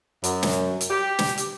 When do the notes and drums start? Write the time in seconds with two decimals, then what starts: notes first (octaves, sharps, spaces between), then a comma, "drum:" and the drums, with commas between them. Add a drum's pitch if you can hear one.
0.24 F#2, drum: hi-hat
0.43 drum: snare
0.81 drum: hi-hat
0.90 G4
1.19 drum: snare
1.38 drum: hi-hat